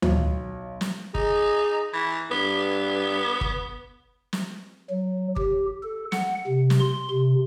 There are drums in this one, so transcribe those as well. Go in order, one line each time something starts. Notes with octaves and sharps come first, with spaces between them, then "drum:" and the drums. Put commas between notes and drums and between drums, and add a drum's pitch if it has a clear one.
B1, drum: tom D2
drum: snare
D#4 G#4, drum: kick G1
E3
G2 B3
drum: kick G1
drum: snare
F#3
G4, drum: kick G1
A4
F#5, drum: snare
C3
drum: snare
C6
C3